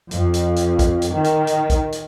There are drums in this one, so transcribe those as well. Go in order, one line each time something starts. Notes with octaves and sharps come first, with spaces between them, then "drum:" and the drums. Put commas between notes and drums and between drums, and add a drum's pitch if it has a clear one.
F2, drum: hi-hat
drum: hi-hat
drum: hi-hat
drum: kick, hi-hat
drum: hi-hat
D#3
drum: hi-hat
drum: hi-hat
drum: kick, hi-hat
drum: hi-hat